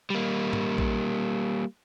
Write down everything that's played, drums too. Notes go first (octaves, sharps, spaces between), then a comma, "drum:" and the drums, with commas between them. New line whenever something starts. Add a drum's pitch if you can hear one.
G3 A#3
drum: tom G#2
drum: kick